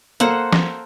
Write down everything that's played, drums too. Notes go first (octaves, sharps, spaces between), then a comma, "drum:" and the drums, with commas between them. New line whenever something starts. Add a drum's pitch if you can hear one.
A#3 A4 C5 F#5, drum: hi-hat
drum: snare